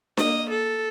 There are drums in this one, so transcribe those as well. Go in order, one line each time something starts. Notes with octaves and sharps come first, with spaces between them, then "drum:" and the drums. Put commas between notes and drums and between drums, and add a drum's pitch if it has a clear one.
A#3 D#5, drum: snare D4
A4